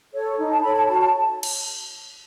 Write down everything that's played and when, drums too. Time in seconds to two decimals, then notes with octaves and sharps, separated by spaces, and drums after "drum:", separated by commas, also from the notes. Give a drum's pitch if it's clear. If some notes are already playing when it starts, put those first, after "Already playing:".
0.13 A4 C#5
0.39 D#4
0.50 A5
0.63 A4 C#5 B5
0.75 A5
0.88 F#4 A5
1.00 A5
1.43 drum: cymbal